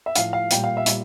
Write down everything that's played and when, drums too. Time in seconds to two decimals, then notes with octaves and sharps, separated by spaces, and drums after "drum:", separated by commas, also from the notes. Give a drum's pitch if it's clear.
0.06 E5
0.15 A2 F3 F5, drum: hi-hat
0.33 F5
0.51 A#2 G3 G5, drum: hi-hat
0.64 F5
0.77 E5
0.86 A#2 G3, drum: hi-hat